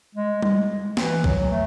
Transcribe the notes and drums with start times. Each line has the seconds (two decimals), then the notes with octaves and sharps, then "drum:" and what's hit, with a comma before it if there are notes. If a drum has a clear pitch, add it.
0.15 G#3
0.43 G#3, drum: tom G3
0.97 E3, drum: snare
1.24 F#3, drum: kick A#1
1.51 A3